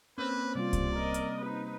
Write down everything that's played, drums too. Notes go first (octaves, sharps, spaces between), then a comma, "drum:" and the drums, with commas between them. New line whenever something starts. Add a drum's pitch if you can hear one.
A#3 C4 C#4 B4 C5
C3 G3 F4 D5
drum: kick C2, hi-hat
A#4 D#5
drum: hi-hat
D#4 B4